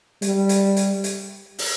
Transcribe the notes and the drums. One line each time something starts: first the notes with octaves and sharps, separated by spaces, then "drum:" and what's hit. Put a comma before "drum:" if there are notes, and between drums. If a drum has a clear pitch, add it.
G3, drum: hi-hat
drum: hi-hat
drum: hi-hat
drum: hi-hat
drum: open hi-hat